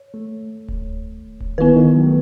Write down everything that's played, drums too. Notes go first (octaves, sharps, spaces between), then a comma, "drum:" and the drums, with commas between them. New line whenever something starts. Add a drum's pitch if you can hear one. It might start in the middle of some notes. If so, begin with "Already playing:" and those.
Already playing: C#5
A3
drum: kick D1
drum: kick D1
D#3 B3 E4 B4
D#3
F#3
A3